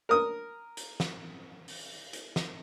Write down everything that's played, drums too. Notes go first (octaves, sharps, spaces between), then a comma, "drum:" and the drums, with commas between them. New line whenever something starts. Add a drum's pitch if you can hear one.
A#4 D#6
drum: hi-hat
drum: snare
drum: open hi-hat
drum: hi-hat
drum: snare